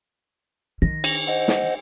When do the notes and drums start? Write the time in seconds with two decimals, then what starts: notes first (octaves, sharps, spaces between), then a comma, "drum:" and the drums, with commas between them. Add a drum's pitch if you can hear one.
0.82 D#3 A#6
1.04 drum: cymbal
1.27 C5 D#5 F#5
1.48 drum: snare